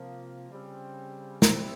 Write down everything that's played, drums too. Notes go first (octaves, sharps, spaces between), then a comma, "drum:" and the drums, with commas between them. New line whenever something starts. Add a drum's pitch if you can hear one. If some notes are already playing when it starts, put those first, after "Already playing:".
Already playing: C3 F3 A#3
C#3 G3 C4
G3 A#3 C4 E4, drum: snare